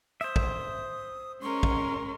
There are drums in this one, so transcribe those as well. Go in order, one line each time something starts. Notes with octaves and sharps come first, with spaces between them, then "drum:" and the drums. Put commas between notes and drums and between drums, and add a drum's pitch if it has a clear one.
C5 E5 D#6
drum: kick
G#3 C#4 A#4 C6 C#6
drum: kick